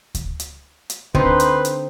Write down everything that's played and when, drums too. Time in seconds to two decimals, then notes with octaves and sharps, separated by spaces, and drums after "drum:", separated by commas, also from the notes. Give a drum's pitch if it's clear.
0.15 drum: kick D2, hi-hat
0.40 drum: hi-hat
0.90 drum: hi-hat
1.15 D3 C4 D#4 B4 C6, drum: kick D2
1.40 drum: hi-hat
1.65 drum: hi-hat